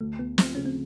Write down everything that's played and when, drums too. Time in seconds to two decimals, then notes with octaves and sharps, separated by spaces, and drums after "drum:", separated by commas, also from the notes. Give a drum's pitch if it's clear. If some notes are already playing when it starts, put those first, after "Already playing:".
0.01 D2 A3
0.19 D2 B3
0.38 F3 C4, drum: snare
0.55 C#3 C#4
0.66 C4